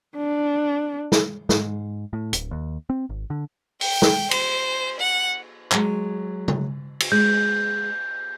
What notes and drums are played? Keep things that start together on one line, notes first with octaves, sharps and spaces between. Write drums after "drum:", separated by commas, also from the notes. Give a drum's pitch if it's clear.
D4
drum: snare
G#2, drum: snare
A2
D1, drum: hi-hat
D#2
C4
G#1
D3
G5, drum: open hi-hat
drum: snare
C5, drum: cymbal
F#5
F#3 G#3, drum: clap
drum: tom C#3
drum: cymbal
G#3 G6